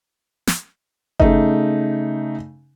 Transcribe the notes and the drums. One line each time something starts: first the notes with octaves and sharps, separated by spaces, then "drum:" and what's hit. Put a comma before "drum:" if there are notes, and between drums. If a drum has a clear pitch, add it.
drum: snare
C#3 A3 D#4, drum: kick G1